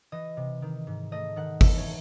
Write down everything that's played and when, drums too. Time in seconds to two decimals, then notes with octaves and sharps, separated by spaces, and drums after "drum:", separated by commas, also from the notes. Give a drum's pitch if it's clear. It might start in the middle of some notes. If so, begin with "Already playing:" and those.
0.12 E3 D#5
0.37 C3
0.62 D#3
0.87 G#2
1.12 A3 D#5
1.36 D#3 F#5
1.61 E3 E5, drum: kick G1, open hi-hat
1.78 C#5